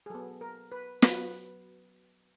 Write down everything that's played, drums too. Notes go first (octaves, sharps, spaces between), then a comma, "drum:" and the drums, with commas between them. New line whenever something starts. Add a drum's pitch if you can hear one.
G#4
F#3 B3 A4
A#4
B4
F#3 B3 B4, drum: snare